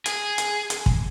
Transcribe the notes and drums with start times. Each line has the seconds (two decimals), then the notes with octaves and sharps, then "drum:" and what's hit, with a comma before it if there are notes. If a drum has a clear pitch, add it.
0.06 G#4, drum: hi-hat
0.38 drum: hi-hat
0.70 drum: hi-hat
0.86 drum: kick